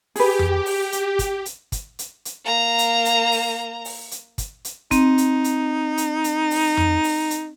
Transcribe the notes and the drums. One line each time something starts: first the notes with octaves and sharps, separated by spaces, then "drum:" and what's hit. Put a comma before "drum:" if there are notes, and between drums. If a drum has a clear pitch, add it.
G4 G#4 B4, drum: open hi-hat
drum: tom F2
drum: open hi-hat
drum: hi-hat
drum: kick, hi-hat
drum: hi-hat
drum: kick, hi-hat
drum: hi-hat
drum: hi-hat
A#3 A#5
drum: hi-hat
drum: hi-hat
drum: open hi-hat
drum: open hi-hat
drum: hi-hat
drum: kick, hi-hat
drum: hi-hat
C4 D#4, drum: kick, hi-hat
drum: hi-hat
drum: hi-hat
drum: hi-hat
drum: hi-hat
drum: open hi-hat
drum: tom F2
drum: open hi-hat
drum: hi-hat